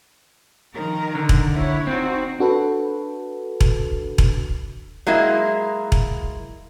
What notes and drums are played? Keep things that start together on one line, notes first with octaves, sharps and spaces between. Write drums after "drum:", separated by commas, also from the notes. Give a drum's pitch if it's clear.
D#3 F3 A#4
D3
drum: kick E1
A#3 E4 C#5
C4 D#4 F#4
D4 F#4 A4 B4
drum: kick E1
drum: kick E1
F#3 G#3 A#3 E4
drum: kick E1